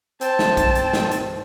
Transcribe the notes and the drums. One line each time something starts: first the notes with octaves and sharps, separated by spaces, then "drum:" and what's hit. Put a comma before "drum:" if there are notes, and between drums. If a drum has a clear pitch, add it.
C4 A5, drum: hi-hat
drum: snare
drum: kick, hi-hat
drum: hi-hat
drum: snare
drum: hi-hat